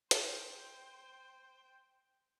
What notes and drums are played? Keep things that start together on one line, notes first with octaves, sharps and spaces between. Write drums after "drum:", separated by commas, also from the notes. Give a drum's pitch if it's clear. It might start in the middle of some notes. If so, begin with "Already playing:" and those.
C5 G5, drum: hi-hat